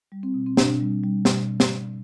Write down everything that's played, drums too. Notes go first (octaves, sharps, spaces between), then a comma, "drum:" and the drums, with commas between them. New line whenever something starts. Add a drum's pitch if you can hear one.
G3
C4
B2
C4
B2 D4, drum: snare
G3
G3
B2, drum: snare
drum: snare